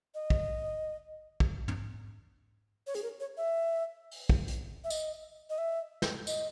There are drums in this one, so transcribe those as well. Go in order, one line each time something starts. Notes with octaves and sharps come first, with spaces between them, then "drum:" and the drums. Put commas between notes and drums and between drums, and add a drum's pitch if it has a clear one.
D#5
drum: kick
drum: kick
drum: tom
C#5
G#4, drum: hi-hat
A#4
C#5
E5
drum: open hi-hat
drum: kick
drum: hi-hat
E5
D#5, drum: tambourine
D#5
E5
drum: snare
D#5, drum: tambourine